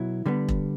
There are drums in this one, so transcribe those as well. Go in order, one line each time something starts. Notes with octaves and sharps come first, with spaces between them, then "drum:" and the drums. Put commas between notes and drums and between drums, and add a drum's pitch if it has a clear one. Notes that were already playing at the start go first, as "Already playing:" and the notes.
Already playing: B2 F#3 E4
D3 G3 B3
drum: kick E1